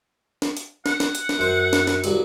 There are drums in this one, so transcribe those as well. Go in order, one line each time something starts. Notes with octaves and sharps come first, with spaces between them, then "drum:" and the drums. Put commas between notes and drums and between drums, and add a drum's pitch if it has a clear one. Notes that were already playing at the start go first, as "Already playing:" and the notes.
drum: snare
drum: hi-hat
F#5, drum: snare
drum: snare
drum: hi-hat
drum: snare
F#2 C5
drum: snare
drum: snare
C2 G2 F#3, drum: hi-hat